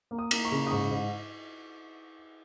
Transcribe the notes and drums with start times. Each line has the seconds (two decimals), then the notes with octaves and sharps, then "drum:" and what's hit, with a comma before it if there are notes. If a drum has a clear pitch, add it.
0.11 A#3
0.18 D#6
0.31 A#3, drum: cymbal
0.45 C#6
0.51 C#3
0.67 D#6
0.71 G#2 C#6
0.91 G#2